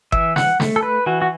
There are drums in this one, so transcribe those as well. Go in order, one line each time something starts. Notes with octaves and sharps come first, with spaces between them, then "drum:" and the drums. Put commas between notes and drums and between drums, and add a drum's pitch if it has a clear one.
E3 E5, drum: kick G1
F#5, drum: snare
A3, drum: snare
A4
B4
E3 F#4
F#4